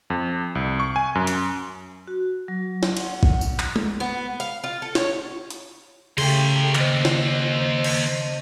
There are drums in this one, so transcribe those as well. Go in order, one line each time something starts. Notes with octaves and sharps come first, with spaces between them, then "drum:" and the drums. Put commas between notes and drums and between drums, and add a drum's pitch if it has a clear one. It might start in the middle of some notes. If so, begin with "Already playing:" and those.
F2
C2
C#6
G#5
F#2
drum: hi-hat
F#4
F#3
drum: snare
F#5, drum: cymbal
drum: kick A1
drum: tambourine
drum: clap
drum: tom G#3
B3
F5, drum: hi-hat
F4
A4
C#5, drum: snare
drum: hi-hat
A2 C#3 A3 G4 C6, drum: cymbal
D#2 C5 D#5, drum: clap
drum: snare
drum: cymbal